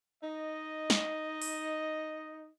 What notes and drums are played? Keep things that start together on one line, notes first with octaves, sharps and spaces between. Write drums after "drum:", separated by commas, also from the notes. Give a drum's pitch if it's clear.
D#4 D#5
drum: snare
drum: open hi-hat